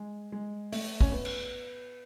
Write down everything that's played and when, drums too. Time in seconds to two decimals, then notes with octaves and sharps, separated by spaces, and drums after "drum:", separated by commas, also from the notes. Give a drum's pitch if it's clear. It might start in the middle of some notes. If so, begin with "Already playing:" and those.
Already playing: G#3
0.32 G#3
0.72 A3, drum: open hi-hat
1.01 C#4, drum: kick
1.12 B3
1.25 drum: cymbal